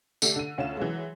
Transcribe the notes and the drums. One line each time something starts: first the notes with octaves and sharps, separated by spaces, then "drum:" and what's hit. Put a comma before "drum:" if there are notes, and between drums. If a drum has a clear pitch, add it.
D3 A3 D4 G4, drum: tambourine
D3 D#7
D2 C#4 F4 E7
E3 F#3 G#3